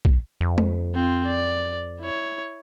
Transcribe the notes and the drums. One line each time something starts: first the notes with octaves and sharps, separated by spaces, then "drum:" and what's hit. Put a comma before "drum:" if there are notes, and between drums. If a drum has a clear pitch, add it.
drum: kick
F2
drum: tom G#3
C4 F4
D5
E4 C#5